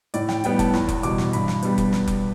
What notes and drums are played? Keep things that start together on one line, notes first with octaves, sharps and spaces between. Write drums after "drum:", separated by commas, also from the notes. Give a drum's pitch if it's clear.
A2 D5, drum: hi-hat
G5, drum: snare
E3 G3 B3 G5, drum: hi-hat
A5, drum: kick F1, hi-hat
E2 B5, drum: snare
drum: kick F1, hi-hat
B2 G3 D6, drum: hi-hat
drum: snare
G2 B5, drum: hi-hat
drum: snare
G3 B3, drum: hi-hat
drum: kick F1, hi-hat
drum: snare
drum: kick F1, hi-hat